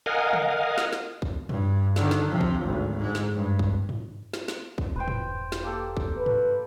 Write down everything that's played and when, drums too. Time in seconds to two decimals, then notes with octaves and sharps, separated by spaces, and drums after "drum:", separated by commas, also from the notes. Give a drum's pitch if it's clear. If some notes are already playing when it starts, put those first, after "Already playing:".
0.06 A#4 D#5 F5 F#5 G#5
0.33 drum: tom C#3
0.78 drum: snare
0.92 drum: snare
1.22 drum: kick
1.49 G2, drum: tom
1.96 D3 D#3, drum: snare
2.11 drum: snare
2.30 C3 F3
2.41 drum: kick
2.64 G#1 D2
2.98 G#2 G#3
3.15 drum: snare
3.34 G2
3.59 drum: kick
3.89 drum: tom
4.33 drum: snare
4.48 drum: snare
4.78 drum: kick
4.96 E1 B4 C5 G5
5.08 drum: tom
5.52 drum: snare
5.63 A#3 G4 A4
5.97 drum: kick
6.17 B4
6.26 drum: tom